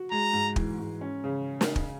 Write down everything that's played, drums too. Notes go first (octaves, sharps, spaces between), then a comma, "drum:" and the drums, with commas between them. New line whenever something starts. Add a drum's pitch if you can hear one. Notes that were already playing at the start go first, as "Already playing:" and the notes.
Already playing: F#4
G#3 A#5
G#2
E3, drum: kick
G#2
C#4
C#3
drum: snare
drum: kick